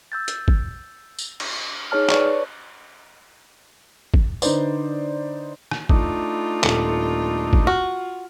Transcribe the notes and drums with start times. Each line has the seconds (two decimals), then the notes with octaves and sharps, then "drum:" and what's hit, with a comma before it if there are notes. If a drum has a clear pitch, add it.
0.12 E6 G6 A6
0.28 drum: hi-hat
0.48 drum: kick
1.19 drum: tambourine
1.40 drum: cymbal
1.91 D#4 G#4 C#5 A5 F6
2.09 B4 C#5 D5 A5 C#6, drum: clap
4.14 drum: kick
4.42 D3 D#4 B4 C5 D5, drum: tambourine
5.71 drum: rim click
5.89 A3 D4 D#4 F4, drum: kick
6.63 D#1 A4 C#7, drum: clap
7.53 drum: kick
7.67 F#4 F6